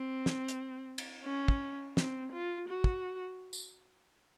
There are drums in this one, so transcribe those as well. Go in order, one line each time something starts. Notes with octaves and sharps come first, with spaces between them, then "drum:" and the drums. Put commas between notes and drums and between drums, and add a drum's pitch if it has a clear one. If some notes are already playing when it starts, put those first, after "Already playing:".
Already playing: C4
drum: snare
drum: hi-hat
drum: cymbal
C#4
drum: kick
C4, drum: snare
F4
F#4
drum: kick
drum: tambourine